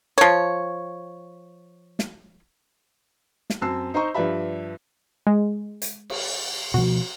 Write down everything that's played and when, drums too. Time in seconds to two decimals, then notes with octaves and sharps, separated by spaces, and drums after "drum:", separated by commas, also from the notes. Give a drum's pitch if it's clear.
0.18 F3 C#5
1.99 drum: snare
3.50 drum: snare
3.61 F#2 C4 A5 E6 C7
3.94 D#4 C5 D#5 A#5 C#6
4.14 G2 F3 B4 D5 E5 B5
5.27 G#3
5.82 drum: hi-hat
6.10 drum: cymbal
6.74 B2 F3 F#4